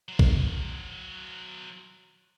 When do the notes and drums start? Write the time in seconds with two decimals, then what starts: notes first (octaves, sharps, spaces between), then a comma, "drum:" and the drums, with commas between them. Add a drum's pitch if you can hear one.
0.08 F#3 C5
0.19 drum: kick